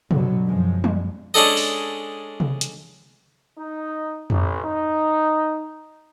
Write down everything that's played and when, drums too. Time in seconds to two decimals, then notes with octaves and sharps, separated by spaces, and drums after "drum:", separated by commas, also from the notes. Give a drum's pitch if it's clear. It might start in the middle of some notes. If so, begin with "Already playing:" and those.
0.11 G2 B2 D3 F#3, drum: tom C3
0.47 F#2 F3 G#3
0.84 drum: tom G3
1.34 G#3 C#4 D4 A4 D#5
1.57 drum: open hi-hat
2.40 drum: tom C3
2.61 drum: hi-hat
3.58 D#4
4.30 A1, drum: tom F2
4.64 D#4